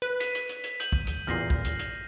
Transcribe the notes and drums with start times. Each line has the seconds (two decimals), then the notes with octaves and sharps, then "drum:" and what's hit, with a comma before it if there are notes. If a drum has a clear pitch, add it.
0.02 B4
0.20 B6 D#7, drum: hi-hat
0.35 drum: hi-hat
0.49 drum: hi-hat
0.64 drum: hi-hat
0.80 G6 B6 F#7, drum: hi-hat
0.92 drum: kick
1.07 drum: hi-hat
1.27 A1 E2 A#2 F6 A#6 C7
1.50 drum: kick
1.65 drum: hi-hat
1.79 drum: hi-hat